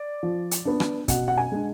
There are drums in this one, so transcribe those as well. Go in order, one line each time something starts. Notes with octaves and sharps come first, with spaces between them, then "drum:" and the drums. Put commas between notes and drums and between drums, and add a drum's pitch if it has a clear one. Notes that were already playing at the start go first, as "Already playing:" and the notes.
Already playing: D5
F3
drum: hi-hat
B3 D4
drum: rim click
B2 F#5, drum: kick, hi-hat
F#5
G#5
G#3 D4